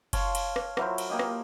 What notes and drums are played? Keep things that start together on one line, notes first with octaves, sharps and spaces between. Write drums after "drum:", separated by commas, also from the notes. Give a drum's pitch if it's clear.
C#5 F5 A5 C6, drum: kick F#1, cymbal
drum: cymbal
drum: rim click
F#3 E4 A#4 C5, drum: rim click
drum: cymbal
A#3 G4 D#5
drum: rim click